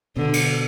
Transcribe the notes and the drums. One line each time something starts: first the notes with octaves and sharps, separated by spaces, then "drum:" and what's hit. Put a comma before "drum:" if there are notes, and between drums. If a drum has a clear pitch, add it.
B2 D3
drum: cymbal